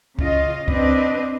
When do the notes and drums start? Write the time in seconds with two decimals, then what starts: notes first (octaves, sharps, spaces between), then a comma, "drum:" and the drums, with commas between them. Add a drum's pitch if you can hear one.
0.19 C#3 F4 D#5, drum: kick C#2
0.68 C4 D4 B4 D#5, drum: kick C#2